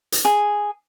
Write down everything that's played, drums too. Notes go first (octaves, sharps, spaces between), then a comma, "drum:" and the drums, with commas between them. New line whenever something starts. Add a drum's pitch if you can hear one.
drum: hi-hat
G#4